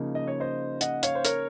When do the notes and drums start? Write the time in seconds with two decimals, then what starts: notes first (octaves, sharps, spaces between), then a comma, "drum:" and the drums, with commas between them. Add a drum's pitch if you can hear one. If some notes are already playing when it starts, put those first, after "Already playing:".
Already playing: C#3 F3 A#3 D#4
0.15 D#5
0.27 C#5
0.40 C5 D#5
0.81 D#5 F#5, drum: hi-hat
1.03 C#5 F5, drum: hi-hat
1.15 C5
1.25 A#4 C#5, drum: hi-hat